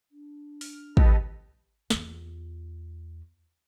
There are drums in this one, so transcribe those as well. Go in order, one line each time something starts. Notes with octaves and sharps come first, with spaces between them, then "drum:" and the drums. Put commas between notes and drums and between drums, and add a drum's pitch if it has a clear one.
D4
F6, drum: open hi-hat
G4 A4 B4 D#5, drum: kick
E2 F4, drum: snare